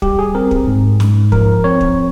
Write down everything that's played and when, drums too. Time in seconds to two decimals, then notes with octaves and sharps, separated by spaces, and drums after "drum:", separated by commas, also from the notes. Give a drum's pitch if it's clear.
0.02 G3 G4, drum: kick
0.19 G#4
0.35 C4 A#4
0.51 drum: kick
0.67 G#2
1.00 G#2, drum: snare
1.32 F3 A#4, drum: kick
1.64 C4 C#5
1.81 drum: kick